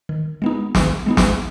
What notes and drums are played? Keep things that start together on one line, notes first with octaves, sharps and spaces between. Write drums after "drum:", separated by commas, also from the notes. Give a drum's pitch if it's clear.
D#3
G#3 B3 D#4
D#3, drum: snare
G#3 B3 D#4
drum: snare